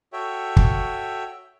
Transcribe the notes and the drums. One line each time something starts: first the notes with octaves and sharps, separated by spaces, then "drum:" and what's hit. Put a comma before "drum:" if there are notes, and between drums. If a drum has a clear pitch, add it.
F#4 A4 C#5 E5 G5
drum: kick